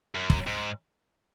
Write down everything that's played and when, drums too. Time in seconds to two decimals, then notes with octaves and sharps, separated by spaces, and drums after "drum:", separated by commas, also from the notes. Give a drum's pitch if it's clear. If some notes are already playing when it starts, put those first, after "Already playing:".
0.15 F#2
0.30 drum: kick
0.47 G#2